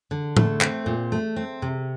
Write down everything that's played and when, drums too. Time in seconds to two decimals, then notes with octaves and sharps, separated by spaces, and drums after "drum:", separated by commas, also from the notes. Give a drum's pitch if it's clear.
0.11 D3
0.37 A3, drum: tom A2
0.61 C4, drum: clap
0.86 A#2
1.12 A3
1.36 C4
1.62 C3